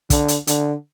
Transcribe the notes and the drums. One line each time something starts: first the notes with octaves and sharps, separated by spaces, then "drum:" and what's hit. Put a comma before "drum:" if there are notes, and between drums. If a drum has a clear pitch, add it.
D3, drum: kick, hi-hat
drum: hi-hat
D3, drum: hi-hat